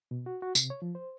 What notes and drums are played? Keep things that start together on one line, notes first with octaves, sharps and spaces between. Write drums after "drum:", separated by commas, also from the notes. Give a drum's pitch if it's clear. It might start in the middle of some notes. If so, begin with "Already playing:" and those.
B2
F#4
F#4
C3, drum: tambourine
C#5
F3
C5